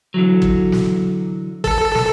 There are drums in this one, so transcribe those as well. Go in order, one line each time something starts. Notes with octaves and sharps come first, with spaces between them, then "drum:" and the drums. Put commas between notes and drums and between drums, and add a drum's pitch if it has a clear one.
D3 E3 F#3
drum: kick
drum: snare
A4, drum: kick
drum: snare